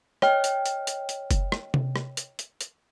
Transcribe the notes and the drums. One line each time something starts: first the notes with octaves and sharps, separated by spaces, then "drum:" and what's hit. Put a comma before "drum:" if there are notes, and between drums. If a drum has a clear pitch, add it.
C#5 D#5 G5 F6, drum: rim click
drum: hi-hat
drum: hi-hat
drum: hi-hat
drum: hi-hat
drum: kick F#1, hi-hat
drum: rim click
drum: tom C3
drum: rim click
drum: hi-hat
drum: hi-hat
drum: hi-hat